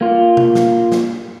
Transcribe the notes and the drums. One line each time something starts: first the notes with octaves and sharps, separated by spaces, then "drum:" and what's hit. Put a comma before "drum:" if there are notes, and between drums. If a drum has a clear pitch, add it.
A#3 F4
drum: tom B2
drum: snare
drum: snare